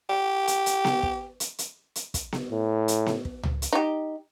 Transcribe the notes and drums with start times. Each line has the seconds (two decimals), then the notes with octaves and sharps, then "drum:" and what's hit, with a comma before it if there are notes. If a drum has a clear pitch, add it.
0.10 G4
0.48 drum: hi-hat
0.66 drum: hi-hat
0.85 drum: snare B3
1.03 drum: kick
1.40 drum: hi-hat
1.59 drum: hi-hat
1.95 drum: hi-hat
2.14 drum: kick, hi-hat
2.32 drum: snare B3
2.51 A2
2.88 drum: hi-hat
3.06 drum: snare B3
3.25 drum: kick
3.43 drum: tom C#2
3.62 drum: hi-hat
3.73 D#4 G4